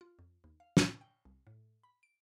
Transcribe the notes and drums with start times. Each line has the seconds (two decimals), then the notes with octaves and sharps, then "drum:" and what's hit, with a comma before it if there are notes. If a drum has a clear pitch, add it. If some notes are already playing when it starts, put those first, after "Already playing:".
0.01 F4
0.19 F2
0.44 D#2
0.60 F5
0.77 B4, drum: snare
1.01 G5
1.25 C2
1.47 A2
1.83 B5
2.03 D7